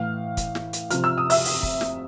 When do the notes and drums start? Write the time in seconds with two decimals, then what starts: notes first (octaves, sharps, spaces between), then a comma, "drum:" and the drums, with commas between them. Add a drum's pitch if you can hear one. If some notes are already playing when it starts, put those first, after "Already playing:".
Already playing: A2 E3 F5 F6
0.37 drum: kick, hi-hat
0.55 drum: snare
0.73 drum: hi-hat
0.90 C3 F3 F6, drum: hi-hat
1.04 E6
1.18 D#6
1.30 E5 E6, drum: open hi-hat
1.45 drum: open hi-hat
1.63 drum: kick
1.81 drum: snare